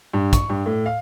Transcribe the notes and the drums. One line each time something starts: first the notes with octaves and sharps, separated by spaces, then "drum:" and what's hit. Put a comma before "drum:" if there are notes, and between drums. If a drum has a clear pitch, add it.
G2
C#6, drum: kick, hi-hat
G2
A2
F5